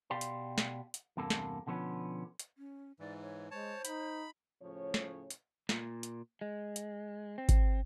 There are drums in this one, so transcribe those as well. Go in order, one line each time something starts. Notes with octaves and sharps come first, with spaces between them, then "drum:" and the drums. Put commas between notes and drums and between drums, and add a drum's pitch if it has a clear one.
B2 G4 D5 F5 G5 C6
drum: hi-hat
drum: snare
drum: hi-hat
E2 G2 C3 A#3 A4
drum: snare
B2 D3 F3 B3 C#4
drum: hi-hat
C#4
G#2 E3 D5
C#5
G#3 C5 C#5 A5
D#4 B5, drum: hi-hat
A2 C#3 F3 C#5
drum: snare
drum: hi-hat
A#2, drum: snare
drum: hi-hat
G#3
drum: hi-hat
C4
drum: kick G#1, hi-hat